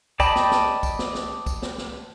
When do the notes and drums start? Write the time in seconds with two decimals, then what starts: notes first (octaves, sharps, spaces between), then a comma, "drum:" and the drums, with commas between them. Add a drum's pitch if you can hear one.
0.20 D5 D#5 G5 A5 B5, drum: kick, tambourine
0.36 drum: snare
0.51 drum: snare
0.83 drum: kick, tambourine
0.99 drum: snare
1.15 drum: snare
1.46 drum: kick, tambourine
1.62 drum: snare
1.78 drum: snare